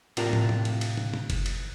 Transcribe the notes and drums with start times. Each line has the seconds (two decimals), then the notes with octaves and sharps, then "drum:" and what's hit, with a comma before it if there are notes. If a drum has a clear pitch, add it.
0.17 A2 C3 D4 F4 A#4, drum: cymbal
0.33 drum: tom
0.49 drum: tom
0.65 drum: cymbal
0.81 drum: cymbal
0.97 drum: tom
1.14 drum: tom
1.30 drum: kick F#1, cymbal
1.46 drum: cymbal